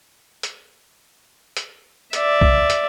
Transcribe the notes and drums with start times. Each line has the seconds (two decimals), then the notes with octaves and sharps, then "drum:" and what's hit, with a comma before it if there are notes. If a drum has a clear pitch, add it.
0.43 drum: hi-hat
1.57 drum: hi-hat
2.13 D5 E5, drum: hi-hat
2.41 drum: kick
2.70 drum: hi-hat